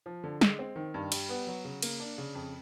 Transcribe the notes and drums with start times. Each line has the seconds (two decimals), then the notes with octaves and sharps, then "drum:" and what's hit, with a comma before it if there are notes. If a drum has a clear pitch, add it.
0.06 F3
0.24 D3
0.41 G#3, drum: snare
0.59 C4
0.76 D#3
0.94 G2
1.12 G3, drum: cymbal
1.29 B3
1.47 F#3
1.65 C#3
1.82 A#3, drum: cymbal
2.00 D4
2.18 C#3
2.35 F2